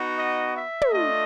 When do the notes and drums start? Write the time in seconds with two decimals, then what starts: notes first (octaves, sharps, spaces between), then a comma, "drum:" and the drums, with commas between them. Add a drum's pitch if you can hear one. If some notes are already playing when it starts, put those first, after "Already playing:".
Already playing: B3 D#4 F#4
0.16 D#5
0.54 E5
0.81 drum: tom
0.91 A3 D4 F4 D#5